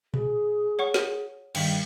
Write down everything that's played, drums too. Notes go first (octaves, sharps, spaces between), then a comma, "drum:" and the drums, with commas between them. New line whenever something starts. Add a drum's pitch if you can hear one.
G#4, drum: tom A#2
C#5 F#5 C#6
drum: snare
G2 D#3 B5, drum: cymbal